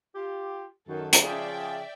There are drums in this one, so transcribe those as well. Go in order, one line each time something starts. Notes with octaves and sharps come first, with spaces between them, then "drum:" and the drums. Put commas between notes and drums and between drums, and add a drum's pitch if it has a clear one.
F4 G4
F#2 D#3 A4
drum: hi-hat
C#3 F3 G#4 D5 E5 G5